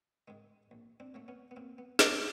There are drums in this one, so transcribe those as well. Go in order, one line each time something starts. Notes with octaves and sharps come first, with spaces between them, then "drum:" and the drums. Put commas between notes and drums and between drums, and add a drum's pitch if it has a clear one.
G#2 D#3 G#3
A#1
C4 D4
A#2 F#3 A3
B3 C#4
B3
F#2 A#3 C4
B3
D#3 F#3 B3, drum: snare